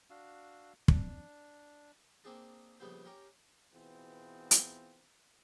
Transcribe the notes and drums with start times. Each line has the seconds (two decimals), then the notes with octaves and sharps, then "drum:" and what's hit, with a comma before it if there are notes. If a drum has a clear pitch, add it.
0.10 D4 F#4 F5 E6
0.88 D4, drum: kick
2.24 A#3 C4 D4 G#4 A5
2.80 A#1 C#3 G3 B3 C5
3.05 C#4 G4 A#4
3.73 B2 E3 B3 C4 F4 G#4
4.51 drum: hi-hat